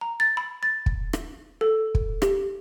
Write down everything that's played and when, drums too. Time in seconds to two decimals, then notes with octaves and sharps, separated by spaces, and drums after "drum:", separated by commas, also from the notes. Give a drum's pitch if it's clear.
0.01 A#5
0.20 A6
0.37 B5
0.63 A6
0.86 drum: kick
1.13 drum: rim click
1.61 A4
1.95 drum: kick
2.22 G4, drum: rim click